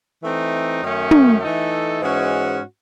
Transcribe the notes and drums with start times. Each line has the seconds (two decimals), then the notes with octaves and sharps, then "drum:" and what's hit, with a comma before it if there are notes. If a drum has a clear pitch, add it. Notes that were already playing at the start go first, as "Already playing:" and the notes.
0.21 E3 A3 C4 D#4
0.82 F#2 D#3 A3 C#4
1.11 drum: tom
1.41 E3 A3 D#4 A4
2.01 G#2 E3 G#3 C#4 F#4